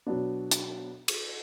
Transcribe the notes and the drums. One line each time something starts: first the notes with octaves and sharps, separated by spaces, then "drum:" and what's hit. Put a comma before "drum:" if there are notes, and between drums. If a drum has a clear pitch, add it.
B2 F#3 B3 D4
drum: hi-hat
drum: cymbal